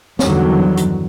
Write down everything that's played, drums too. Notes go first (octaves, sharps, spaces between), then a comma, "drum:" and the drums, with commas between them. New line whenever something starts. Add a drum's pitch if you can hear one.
E2 G2 D3 D#3 F#3, drum: snare
drum: hi-hat